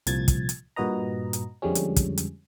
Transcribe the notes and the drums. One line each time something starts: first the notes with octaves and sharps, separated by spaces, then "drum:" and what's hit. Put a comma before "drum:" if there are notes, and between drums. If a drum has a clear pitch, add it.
C2 A#2 F3 G#6 A6, drum: hi-hat
drum: kick, hi-hat
drum: hi-hat
G2 A#2 F#4 B4 D#5 A#5
drum: hi-hat
F2 D3 F3 G3 G#3 C#4
drum: hi-hat
drum: kick, hi-hat
drum: hi-hat